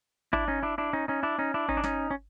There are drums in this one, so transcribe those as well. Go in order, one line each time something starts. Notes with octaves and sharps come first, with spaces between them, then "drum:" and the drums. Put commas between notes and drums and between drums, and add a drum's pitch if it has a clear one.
D4 E4, drum: kick G#1
C#4 D#4
D4 E4
D4 E4
C#4 D#4
C#4 D#4
D4 E4
C#4 D#4
D4 E4
C#4 D#4, drum: kick G#1
D4
C#4 D#4, drum: snare
C#4